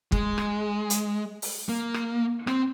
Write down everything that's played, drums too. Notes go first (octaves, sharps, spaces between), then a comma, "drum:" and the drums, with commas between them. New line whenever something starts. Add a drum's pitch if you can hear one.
G#3, drum: kick
drum: rim click
drum: hi-hat
drum: open hi-hat
A#3
drum: rim click
C4, drum: rim click